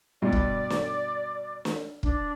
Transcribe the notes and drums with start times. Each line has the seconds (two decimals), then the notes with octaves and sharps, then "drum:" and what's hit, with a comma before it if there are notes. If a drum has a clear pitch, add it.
0.22 G2 B2 D5
0.33 drum: kick
0.70 drum: snare
1.65 drum: snare
2.03 D4, drum: kick